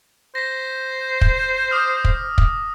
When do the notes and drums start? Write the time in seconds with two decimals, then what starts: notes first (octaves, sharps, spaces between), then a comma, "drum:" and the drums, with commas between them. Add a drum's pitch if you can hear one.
0.35 C5 A#6 B6
1.21 drum: kick
1.71 D6 D#6 F6
2.05 drum: kick
2.38 drum: kick